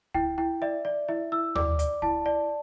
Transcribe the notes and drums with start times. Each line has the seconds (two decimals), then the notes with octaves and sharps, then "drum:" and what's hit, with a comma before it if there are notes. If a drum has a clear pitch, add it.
0.14 E4 G5, drum: kick C#2
0.38 E4 G5
0.62 D5 E5
0.85 D5
1.09 E4 E5
1.32 E4 E6
1.55 D5 D6, drum: tom D#2
1.79 D5, drum: hi-hat
2.02 E4 A5, drum: kick C#2
2.26 D5